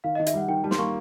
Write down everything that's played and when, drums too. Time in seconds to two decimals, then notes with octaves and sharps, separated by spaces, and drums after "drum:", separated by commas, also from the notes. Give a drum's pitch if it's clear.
0.04 D#3 F5
0.15 D#5
0.20 D#3
0.26 E5, drum: hi-hat
0.34 G3 F#5
0.48 D#3 G5
0.64 G3 A5
0.71 C6, drum: snare
0.78 A#3 C#6